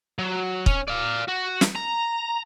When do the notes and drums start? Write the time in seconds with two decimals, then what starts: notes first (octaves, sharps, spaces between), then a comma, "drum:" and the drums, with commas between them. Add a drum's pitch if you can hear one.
0.19 F#3
0.66 C#4, drum: kick
0.88 D5 F5
1.29 F#4
1.61 drum: snare
1.76 A#5